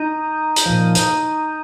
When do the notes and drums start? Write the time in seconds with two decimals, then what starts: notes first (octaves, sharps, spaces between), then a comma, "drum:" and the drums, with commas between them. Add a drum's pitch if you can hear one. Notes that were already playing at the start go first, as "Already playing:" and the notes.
Already playing: D#4
0.56 drum: hi-hat
0.66 A#2 F3
0.95 drum: hi-hat